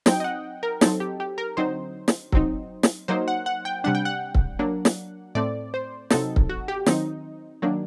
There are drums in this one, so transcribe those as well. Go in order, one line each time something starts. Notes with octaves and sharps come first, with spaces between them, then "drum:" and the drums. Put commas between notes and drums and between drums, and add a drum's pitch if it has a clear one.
F#3 C4 D#4 G5, drum: snare
D#5
F#5
A#4
F#3 C4 D#4 A4, drum: snare
G4
G4
A#4
D3 F#3 C4 D#4 C5
drum: snare
F#3 C4 D#4, drum: kick C#1
drum: snare
F#3 A#3 D#4 C5
F#5
F#5
G5
C3 G3 D4 F#5
G5
F#5
drum: kick C#1
F#3 A#3 D4
drum: snare
A2 A3 C4 D5
C5
C3 F#3 C4 D#4 A4, drum: snare
drum: kick C#1
F#4
G4
D#3 F#3 C4 D#4, drum: snare
D#3 F#3 A#3 D4